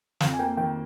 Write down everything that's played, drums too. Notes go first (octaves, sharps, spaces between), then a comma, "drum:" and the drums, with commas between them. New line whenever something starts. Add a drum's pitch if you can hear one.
F2 F5, drum: snare
G#5
A#3 G5
D#3 G5